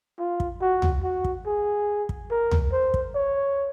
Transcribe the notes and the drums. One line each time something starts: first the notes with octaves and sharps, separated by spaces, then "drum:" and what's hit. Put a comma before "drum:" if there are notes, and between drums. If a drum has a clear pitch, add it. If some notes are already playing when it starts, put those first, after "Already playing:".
F4
drum: kick
F#4
drum: tom
F#4
drum: kick
G#4
drum: kick
A#4
drum: tom
C5
drum: kick
C#5